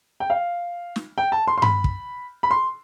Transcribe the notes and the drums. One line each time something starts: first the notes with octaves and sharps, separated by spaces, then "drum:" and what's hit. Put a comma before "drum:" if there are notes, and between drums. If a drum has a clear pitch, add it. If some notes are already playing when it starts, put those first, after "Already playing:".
G5
F5
drum: snare
G5
A5
C6
C6
B5, drum: tom G2
drum: kick
B5
C6